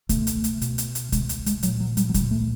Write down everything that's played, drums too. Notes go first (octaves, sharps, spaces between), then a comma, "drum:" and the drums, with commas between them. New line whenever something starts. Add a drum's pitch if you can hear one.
B2 A3, drum: kick C#2, hi-hat
drum: hi-hat
drum: hi-hat
B2, drum: hi-hat
drum: hi-hat
drum: hi-hat
B2 G#3, drum: kick C#2, hi-hat
drum: hi-hat
G#3, drum: hi-hat
A#2 F#3, drum: hi-hat
F#3
G3, drum: hi-hat
F#3
A#2 G3, drum: kick C#2, hi-hat
A3